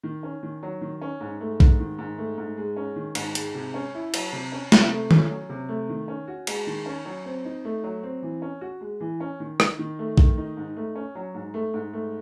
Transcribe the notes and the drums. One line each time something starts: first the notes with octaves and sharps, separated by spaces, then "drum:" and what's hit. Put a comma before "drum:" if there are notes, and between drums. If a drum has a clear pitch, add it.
D#3
C#4
D#3
F#3
D#3
C#4
G#2
A3
G#2, drum: kick
D#3
G#2
A3
G#2
G#3
C#4
D#3
G#2, drum: cymbal
G#3, drum: hi-hat
C3
C#4
E4
F#3, drum: cymbal
C3
C#4
C3, drum: snare
A3
C#4, drum: tom D#3
F#3
C3
A3
D#3
C#4
F#4
G#3, drum: cymbal
D#3
C#4
F#3
C4
D#4
A3
F#3
C4
E3
C#4
F#4
G#3
E3
C#4
D#3
D#4, drum: rim click
D#3
A3
D#3, drum: kick
D#4
G#2
A3
C#4
F#3
G#2
A3
G#2
A3